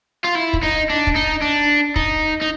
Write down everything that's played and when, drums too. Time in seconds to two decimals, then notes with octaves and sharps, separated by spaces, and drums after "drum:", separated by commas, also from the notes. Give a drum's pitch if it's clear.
0.24 F4
0.35 E4
0.53 drum: kick
0.63 D#4
0.90 D4
1.07 drum: kick
1.16 D#4
1.42 D4
1.96 D#4, drum: kick
2.41 D#4